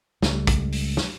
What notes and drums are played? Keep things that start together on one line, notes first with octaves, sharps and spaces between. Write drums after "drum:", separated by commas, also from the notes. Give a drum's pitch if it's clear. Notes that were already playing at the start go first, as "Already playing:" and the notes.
C#2 G3 A3, drum: snare
drum: kick, hi-hat
drum: open hi-hat
drum: snare